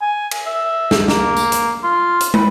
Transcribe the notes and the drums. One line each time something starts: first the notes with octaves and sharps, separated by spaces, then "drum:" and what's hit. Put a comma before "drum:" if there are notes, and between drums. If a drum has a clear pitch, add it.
G#5
drum: cymbal
E5
drum: snare
A#3, drum: snare
drum: tambourine
drum: hi-hat
F4
drum: hi-hat
B4, drum: tom